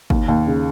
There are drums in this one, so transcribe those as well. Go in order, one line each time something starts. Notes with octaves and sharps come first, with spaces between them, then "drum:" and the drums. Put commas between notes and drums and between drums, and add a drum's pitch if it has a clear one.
D#2, drum: kick
D#2
C#3